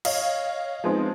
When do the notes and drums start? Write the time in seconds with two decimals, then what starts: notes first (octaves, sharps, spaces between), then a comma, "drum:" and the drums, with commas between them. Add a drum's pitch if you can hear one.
0.05 C#5 D#5 F5, drum: cymbal
0.84 F3 G#3 B3 C4 D#4